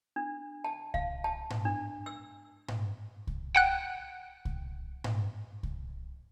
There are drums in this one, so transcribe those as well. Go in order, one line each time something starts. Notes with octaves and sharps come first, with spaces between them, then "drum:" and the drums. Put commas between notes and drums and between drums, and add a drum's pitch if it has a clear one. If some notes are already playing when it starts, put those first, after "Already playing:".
D4
A5
F5, drum: kick C2
A5
drum: tom G#2
D4
E6
drum: tom G#2
drum: kick C2
F#5 G5 F#6
drum: kick C2
drum: tom G#2
drum: kick C2